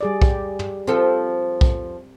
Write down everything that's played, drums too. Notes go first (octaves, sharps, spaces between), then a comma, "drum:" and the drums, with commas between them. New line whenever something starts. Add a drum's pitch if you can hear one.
G3 G#4 D5
G4, drum: kick B1
drum: tom
F3 C4 A4
drum: kick B1